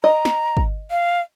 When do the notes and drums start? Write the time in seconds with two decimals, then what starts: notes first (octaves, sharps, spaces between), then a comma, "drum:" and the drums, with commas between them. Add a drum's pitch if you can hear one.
0.04 D#5 A#5
0.25 drum: snare
0.57 drum: kick
0.91 F5